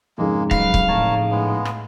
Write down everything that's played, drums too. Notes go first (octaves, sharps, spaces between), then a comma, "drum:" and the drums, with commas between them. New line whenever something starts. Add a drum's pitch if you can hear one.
F2 G#2 C#3 G#3 A#3
F#3 B4 F5, drum: kick
drum: kick
A2 A#4 C#5 A5
G#3 B3
drum: rim click